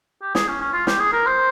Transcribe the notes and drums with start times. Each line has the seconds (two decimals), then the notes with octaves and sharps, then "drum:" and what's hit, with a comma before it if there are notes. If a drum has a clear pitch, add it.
0.22 G4
0.35 G#4, drum: snare
0.48 C#4
0.61 C#4
0.73 F4
0.87 G4, drum: snare
1.00 G#4
1.13 A#4
1.26 C5